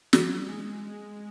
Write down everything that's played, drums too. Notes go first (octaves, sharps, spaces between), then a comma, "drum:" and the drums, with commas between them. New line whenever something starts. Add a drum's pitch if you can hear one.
E3, drum: snare
F3
F#3
G3
G#3